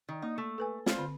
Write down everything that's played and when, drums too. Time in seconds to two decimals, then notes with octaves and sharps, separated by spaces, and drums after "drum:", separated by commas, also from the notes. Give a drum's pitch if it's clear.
0.09 D#3
0.22 A#3 D#4
0.38 A3
0.58 A4 B4 G#5
0.86 C4 F4 C5, drum: snare
0.99 D3